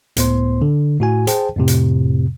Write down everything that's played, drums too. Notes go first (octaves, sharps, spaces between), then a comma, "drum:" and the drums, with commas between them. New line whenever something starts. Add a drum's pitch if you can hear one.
C#2 A2 B3 C5 C6, drum: hi-hat
D3
A2 F#4 G#5
G#4 C5 G5 A5, drum: hi-hat
F2 A2 C3
drum: hi-hat